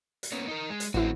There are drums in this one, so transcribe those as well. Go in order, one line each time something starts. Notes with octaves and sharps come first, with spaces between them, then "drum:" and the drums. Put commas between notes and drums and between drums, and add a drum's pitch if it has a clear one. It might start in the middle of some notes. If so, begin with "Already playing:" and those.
drum: hi-hat
A#3 B3 C#4
D#4 A#4
G#3
drum: hi-hat
A1 D3 C4 E4 F#4